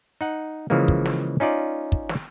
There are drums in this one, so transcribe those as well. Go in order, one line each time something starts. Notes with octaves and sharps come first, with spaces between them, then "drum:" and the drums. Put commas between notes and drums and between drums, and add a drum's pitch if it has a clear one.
D#4 F#5
C#3 E3 F3 G#3 A#3
drum: kick
drum: snare
C#4 D#4 F4 D5
drum: kick
drum: snare